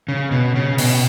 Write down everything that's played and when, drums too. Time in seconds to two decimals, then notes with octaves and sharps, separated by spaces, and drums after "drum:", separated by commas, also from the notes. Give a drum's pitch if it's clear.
0.08 C#3
0.32 B2
0.55 C#3
0.78 B2, drum: open hi-hat